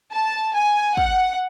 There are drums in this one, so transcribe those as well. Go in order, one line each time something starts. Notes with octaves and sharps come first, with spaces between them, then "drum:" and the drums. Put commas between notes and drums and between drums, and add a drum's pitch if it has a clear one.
A5
G#5
F#5, drum: kick